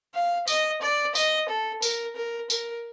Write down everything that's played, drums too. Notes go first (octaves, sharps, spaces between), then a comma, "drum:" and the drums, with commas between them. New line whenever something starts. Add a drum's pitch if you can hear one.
F5
D#5, drum: tambourine
D5
D#5, drum: tambourine
A4
A#4, drum: tambourine
A#4
A#4, drum: tambourine